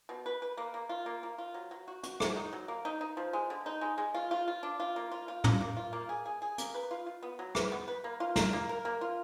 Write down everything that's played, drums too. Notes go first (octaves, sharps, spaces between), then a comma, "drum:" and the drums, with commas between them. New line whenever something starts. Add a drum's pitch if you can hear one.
B2
B4
B4
A#3
A#3
F4
A#3
A#3
F4
F#3
F#3
F#4
F#4, drum: hi-hat
F#4, drum: rim click
D#4
F#3
A#3
D#4
D#4
F3
G#3
D3
D#4
G#3
G#3
F4
F4
F4
D4
F4
A#3
F4
F4
A#3, drum: tom
A#3
F4
A#3
G#4
G#4
G#4
A#3, drum: hi-hat
B4
F4
F4
B3
F#3
B4, drum: rim click
B3
B4
A#3
F4
A#4, drum: snare
A#3
A#4
A#3
F4